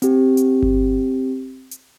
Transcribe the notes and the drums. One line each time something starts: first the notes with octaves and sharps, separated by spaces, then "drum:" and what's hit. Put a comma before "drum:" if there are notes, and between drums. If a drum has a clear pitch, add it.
C4 G4, drum: hi-hat
drum: hi-hat
drum: kick G1
drum: hi-hat